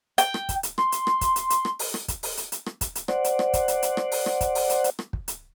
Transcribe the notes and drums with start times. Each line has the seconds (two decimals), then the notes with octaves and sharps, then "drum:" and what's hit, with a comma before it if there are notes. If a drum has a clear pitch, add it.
0.18 G5, drum: hi-hat
0.34 drum: rim click
0.49 drum: kick, hi-hat
0.63 drum: hi-hat
0.78 C6, drum: rim click
0.92 drum: hi-hat
1.07 drum: rim click
1.21 drum: kick, hi-hat
1.36 drum: hi-hat
1.50 drum: hi-hat
1.65 drum: rim click
1.79 drum: open hi-hat
1.94 drum: rim click
2.08 drum: kick, hi-hat
2.23 drum: open hi-hat
2.37 drum: hi-hat
2.52 drum: hi-hat
2.66 drum: rim click
2.81 drum: kick, hi-hat
2.95 drum: hi-hat
3.08 C5 D5 F#5, drum: rim click
3.24 drum: hi-hat
3.39 drum: rim click
3.53 drum: kick, hi-hat
3.68 drum: hi-hat
3.83 drum: hi-hat
3.97 drum: rim click
4.12 drum: open hi-hat
4.26 drum: rim click
4.41 drum: kick, hi-hat
4.55 drum: open hi-hat
4.70 drum: hi-hat
4.84 drum: hi-hat
4.99 drum: rim click
5.13 drum: kick
5.28 drum: hi-hat